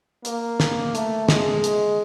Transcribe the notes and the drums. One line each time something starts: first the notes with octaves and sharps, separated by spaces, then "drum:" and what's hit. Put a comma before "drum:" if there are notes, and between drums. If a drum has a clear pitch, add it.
A#3, drum: hi-hat
drum: snare
A3, drum: hi-hat
G#3, drum: snare
drum: hi-hat